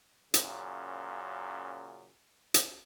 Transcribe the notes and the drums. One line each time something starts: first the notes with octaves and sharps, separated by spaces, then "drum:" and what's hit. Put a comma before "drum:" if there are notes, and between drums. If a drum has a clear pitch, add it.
F#2 A#2 C#3, drum: hi-hat
drum: hi-hat